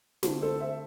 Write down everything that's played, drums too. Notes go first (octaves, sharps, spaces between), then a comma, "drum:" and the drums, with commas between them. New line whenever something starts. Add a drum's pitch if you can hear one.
D3 A3 C4, drum: snare
A4 C5
C5 E5